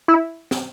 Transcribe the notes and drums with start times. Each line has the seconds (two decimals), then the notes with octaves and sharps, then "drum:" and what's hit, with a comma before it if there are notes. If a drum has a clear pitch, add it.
0.08 E4
0.51 drum: snare